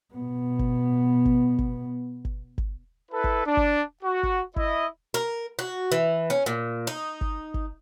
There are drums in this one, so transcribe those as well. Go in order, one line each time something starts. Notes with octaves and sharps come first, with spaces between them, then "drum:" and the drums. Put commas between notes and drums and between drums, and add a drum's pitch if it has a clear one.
B2 B3
drum: kick G1
drum: kick G1
drum: kick G1
drum: kick G1
drum: kick G1
E4 A4 B4
drum: kick G1
D4
drum: kick G1
F#4
drum: kick G1
E4 D#5, drum: kick G1
A#4
F#4
E3
C#4
A#2
D#4
drum: kick G1
drum: kick G1